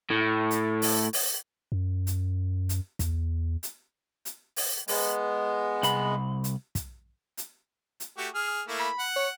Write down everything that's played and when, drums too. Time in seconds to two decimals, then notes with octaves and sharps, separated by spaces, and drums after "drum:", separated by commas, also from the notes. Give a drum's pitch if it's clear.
0.11 A2
0.51 drum: hi-hat
0.82 drum: open hi-hat
1.13 drum: open hi-hat
1.72 F#2
2.07 drum: hi-hat
2.69 drum: hi-hat
2.99 E2, drum: kick, hi-hat
3.63 drum: hi-hat
4.25 drum: hi-hat
4.57 drum: open hi-hat
4.88 G#3 B3, drum: open hi-hat
5.83 C2 B5, drum: hi-hat
6.44 drum: hi-hat
6.75 drum: kick, hi-hat
7.38 drum: hi-hat
8.00 drum: hi-hat
8.18 A3 F#4 G4
8.35 G#4 F6
8.68 A3 A#3 E4
8.80 B5
8.99 F#5
9.16 C#5